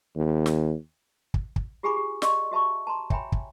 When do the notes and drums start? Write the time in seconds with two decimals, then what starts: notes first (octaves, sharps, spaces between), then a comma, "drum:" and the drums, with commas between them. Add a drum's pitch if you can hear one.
0.15 D#2
0.46 drum: snare
1.34 drum: kick
1.56 drum: kick
1.83 F4 G4 G#4 G#5 B5 D6
1.96 G4
2.22 D5 D#5 C6 C#6, drum: snare
2.52 F#4 E5 A5 B5 C#6
2.87 A5 A#5 C6
3.10 C#5 E5 G5 G#5 A#5 B5, drum: kick
3.32 drum: kick